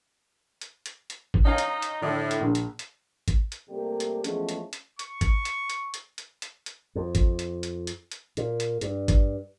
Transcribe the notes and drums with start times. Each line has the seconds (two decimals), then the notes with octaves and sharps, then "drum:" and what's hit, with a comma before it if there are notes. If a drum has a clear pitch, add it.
0.61 drum: hi-hat
0.86 drum: hi-hat
1.10 drum: hi-hat
1.34 drum: kick G#1
1.45 C#4 D#4 F5 G#5
1.58 drum: hi-hat
1.82 drum: hi-hat
2.01 A2 D3 D4 D#6
2.31 drum: hi-hat
2.41 A#1
2.55 drum: hi-hat
2.79 drum: hi-hat
3.28 drum: kick G#1, hi-hat
3.52 drum: hi-hat
3.69 C3 G3 A3 A#3 G4
4.00 drum: hi-hat
4.24 E2 F3 G#3 A3 C#4, drum: hi-hat
4.49 drum: hi-hat
4.73 drum: hi-hat
4.99 C#6, drum: hi-hat
5.21 drum: kick G#1, hi-hat
5.45 drum: hi-hat
5.70 drum: hi-hat
5.94 drum: hi-hat
6.18 drum: hi-hat
6.42 drum: hi-hat
6.66 drum: hi-hat
6.95 F2
7.15 drum: kick G#1, hi-hat
7.39 drum: hi-hat
7.63 drum: hi-hat
7.87 drum: hi-hat
8.12 drum: hi-hat
8.37 A#2, drum: hi-hat
8.60 drum: hi-hat
8.81 G2, drum: hi-hat
9.08 drum: kick G#1, hi-hat